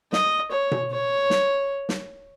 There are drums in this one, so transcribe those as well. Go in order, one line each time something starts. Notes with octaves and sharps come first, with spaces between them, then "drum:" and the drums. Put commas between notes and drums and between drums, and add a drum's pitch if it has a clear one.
D#5, drum: snare
C#5
drum: tom B2
C#5
drum: snare
drum: snare